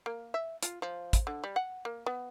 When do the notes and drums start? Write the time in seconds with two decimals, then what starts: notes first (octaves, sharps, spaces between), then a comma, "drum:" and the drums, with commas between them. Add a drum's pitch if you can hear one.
0.06 A#3
0.34 E5
0.63 F4, drum: hi-hat
0.82 F3
1.13 drum: kick, hi-hat
1.27 D3
1.44 G3
1.56 F#5
1.85 A#3
2.06 B3